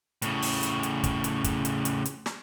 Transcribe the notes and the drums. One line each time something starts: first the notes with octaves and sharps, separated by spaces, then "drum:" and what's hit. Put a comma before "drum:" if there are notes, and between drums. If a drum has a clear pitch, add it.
A2 C#3, drum: hi-hat
drum: open hi-hat
drum: hi-hat
drum: hi-hat
drum: kick, hi-hat
drum: hi-hat
drum: kick, hi-hat
drum: hi-hat
drum: hi-hat
drum: hi-hat
drum: snare